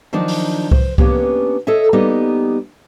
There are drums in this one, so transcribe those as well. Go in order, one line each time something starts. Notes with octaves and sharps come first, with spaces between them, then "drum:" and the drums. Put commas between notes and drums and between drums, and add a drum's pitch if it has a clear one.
D#3 F3 F#3 D4 D#4
drum: open hi-hat
C5, drum: kick C2
A#3 B3 C#4 D4 G4 C#5, drum: kick C2
A4 C#5 D#5 E5
G3 A#3 B3 D#4 G4 D#5